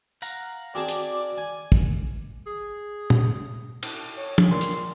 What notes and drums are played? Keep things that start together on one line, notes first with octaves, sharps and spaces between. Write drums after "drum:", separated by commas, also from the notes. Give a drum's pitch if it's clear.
F5 F#5 A#5, drum: tambourine
C4 F#4 G#4 D5 A5 D6
drum: hi-hat
G#5
drum: kick
G#4
drum: tom
drum: cymbal
C#5
G#4, drum: tom
A#2 C6
drum: hi-hat